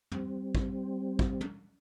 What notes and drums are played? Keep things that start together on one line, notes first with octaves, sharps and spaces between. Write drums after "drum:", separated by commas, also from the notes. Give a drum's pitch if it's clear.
G3 C4, drum: tom
drum: kick
drum: kick
drum: tom